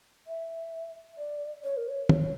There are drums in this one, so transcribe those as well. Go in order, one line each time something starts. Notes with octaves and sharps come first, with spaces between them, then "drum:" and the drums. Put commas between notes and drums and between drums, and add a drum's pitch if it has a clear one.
E5
D5
C#5
A#4
C#5
C#5, drum: tom
C#5